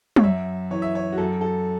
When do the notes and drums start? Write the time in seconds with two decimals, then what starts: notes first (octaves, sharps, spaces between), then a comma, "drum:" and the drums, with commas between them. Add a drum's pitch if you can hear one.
0.16 C#5, drum: tom
0.23 F#2 E5
0.71 E3 C#5
0.82 E5
0.95 C#5
1.12 F#4
1.18 F#2 A4
1.41 A4